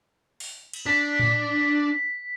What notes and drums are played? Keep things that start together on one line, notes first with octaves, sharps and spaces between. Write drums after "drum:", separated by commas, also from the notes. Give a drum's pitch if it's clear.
drum: open hi-hat
drum: cymbal
D4 B6
drum: tom A2